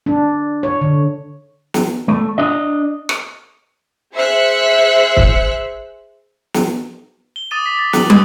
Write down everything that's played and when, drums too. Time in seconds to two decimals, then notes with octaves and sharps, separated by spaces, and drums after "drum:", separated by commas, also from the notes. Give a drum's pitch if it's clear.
0.06 D4
0.63 C#5
0.81 D3
1.74 drum: snare
2.08 A3
2.38 D4 D#5
3.09 drum: rim click
4.14 G#4 C5 E5 E6 F#6 C#7
5.17 drum: kick
6.54 drum: snare
7.36 G7
7.51 D6 D#6 A6 D#7
7.66 D6 B6
7.79 A6
7.93 F#6 F#7, drum: snare
8.10 D#6, drum: tom